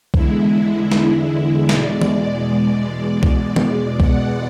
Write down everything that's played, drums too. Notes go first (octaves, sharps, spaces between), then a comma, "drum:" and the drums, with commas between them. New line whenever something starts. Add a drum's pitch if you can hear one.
E2 D3 G#3 E4, drum: kick C2
E4, drum: snare
E2 B2 G#3 D5, drum: snare
drum: tom
E2 B2 G#3, drum: kick C2
drum: tom
F#5, drum: kick C2